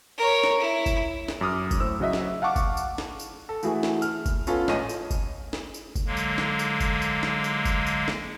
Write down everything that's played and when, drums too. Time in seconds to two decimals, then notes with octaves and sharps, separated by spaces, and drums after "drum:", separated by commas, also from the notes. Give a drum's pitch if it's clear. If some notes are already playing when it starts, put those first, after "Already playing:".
0.18 A#4 C#5
0.44 drum: snare
0.59 E4
0.86 drum: kick F#1, tambourine
1.28 drum: snare
1.41 F#2 D6 D#6 F6
1.71 drum: kick F#1, tambourine
1.80 A2 C5 E6
2.00 C#3 F#3 F#4 D#5 E5 B6
2.13 drum: snare
2.42 F5 F#5 A5 C#6 D6
2.56 drum: kick F#1, tambourine
2.77 drum: tambourine
2.98 drum: snare
3.20 drum: tambourine
3.49 A4
3.63 E3 A3 E4 F#4 G#4, drum: tambourine
3.83 drum: snare
4.02 F6, drum: tambourine
4.26 drum: kick F#1, tambourine
4.47 B3 C#4 F4 A4, drum: tambourine
4.68 A1 C#4 D#5 D#7, drum: snare
4.89 drum: tambourine
5.11 drum: kick F#1, tambourine
5.53 drum: snare
5.74 drum: tambourine
5.96 drum: kick F#1, tambourine
6.06 D3 F#3 G#3 A#3
6.17 drum: tambourine
6.38 drum: snare
6.59 drum: tambourine
6.80 drum: kick F#1, tambourine
7.02 drum: tambourine
7.23 drum: snare
7.44 drum: tambourine
7.65 drum: kick F#1, tambourine
7.87 drum: tambourine
8.08 drum: snare